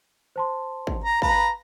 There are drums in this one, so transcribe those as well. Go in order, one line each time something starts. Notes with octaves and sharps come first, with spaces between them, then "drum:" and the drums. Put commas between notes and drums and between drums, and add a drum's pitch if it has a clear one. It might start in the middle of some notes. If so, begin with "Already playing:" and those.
C5 A5 C6
drum: kick
A#5
B4 F5 A5 A#5, drum: kick